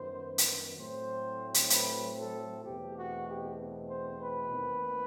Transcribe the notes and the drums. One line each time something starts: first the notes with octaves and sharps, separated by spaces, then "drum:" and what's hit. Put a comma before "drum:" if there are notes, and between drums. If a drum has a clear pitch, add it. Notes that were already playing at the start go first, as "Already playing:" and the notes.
Already playing: F#2 D#3 G3 B3 C5
drum: hi-hat
A2 F#3 A3 C4 C5
drum: hi-hat
B4, drum: hi-hat
A4
E2 B2 A3 C4 G4
F#4
G4
C5
B4
D#2 D#3 A3 C4